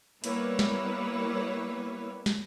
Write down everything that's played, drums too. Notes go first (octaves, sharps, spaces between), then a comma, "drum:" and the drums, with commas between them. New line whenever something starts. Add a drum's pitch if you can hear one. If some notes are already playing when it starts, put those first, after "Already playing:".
G3 A#3 B3 E4 B4 C#5, drum: hi-hat
drum: snare
drum: snare